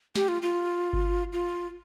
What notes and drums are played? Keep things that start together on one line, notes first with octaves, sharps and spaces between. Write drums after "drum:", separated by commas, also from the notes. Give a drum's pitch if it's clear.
G4, drum: snare
F4
F4
drum: kick G1
F4